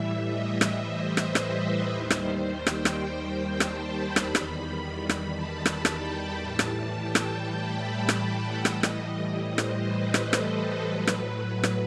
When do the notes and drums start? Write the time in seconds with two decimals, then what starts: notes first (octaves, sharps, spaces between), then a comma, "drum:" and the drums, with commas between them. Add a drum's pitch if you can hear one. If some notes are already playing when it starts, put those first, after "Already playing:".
Already playing: A2 E3 G3 E5
0.24 D#5
0.61 drum: rim click
0.80 C5
1.17 drum: rim click
1.35 B4, drum: rim click
1.91 D#2 D#3 G3 C5
2.10 drum: rim click
2.47 G5
2.67 drum: rim click
2.85 drum: rim click
3.60 A5, drum: rim click
3.89 B5
4.16 E2 D#3 G3, drum: rim click
4.35 drum: rim click
5.09 drum: rim click
5.28 A5
5.66 drum: rim click
5.85 G5, drum: rim click
6.40 A2 E3 G3 A5
6.59 drum: rim click
6.96 G5
7.15 drum: rim click
7.25 G5
7.53 B5
7.80 A5
8.09 G5, drum: rim click
8.36 F#5
8.65 A2 E3 G3 D#5, drum: rim click
8.83 drum: rim click
9.21 D#5
9.48 C5
9.58 drum: rim click
9.77 B4
10.14 drum: rim click
10.33 A4, drum: rim click
10.61 B4
10.88 A2 F#3 B4
11.07 drum: rim click
11.63 drum: rim click